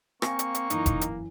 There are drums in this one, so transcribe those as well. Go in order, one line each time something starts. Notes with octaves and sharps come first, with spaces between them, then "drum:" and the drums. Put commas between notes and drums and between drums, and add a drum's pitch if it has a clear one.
A#3 C4 F5 G#5 C#6 A#6, drum: rim click
drum: hi-hat
drum: hi-hat
F#2 E3 D#4, drum: hi-hat
drum: kick F1, hi-hat
drum: hi-hat